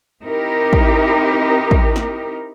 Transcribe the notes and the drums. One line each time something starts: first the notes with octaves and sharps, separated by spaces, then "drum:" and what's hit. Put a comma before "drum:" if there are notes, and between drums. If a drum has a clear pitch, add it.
C4 D#4 E4 G4 A#4
drum: kick
drum: kick
drum: snare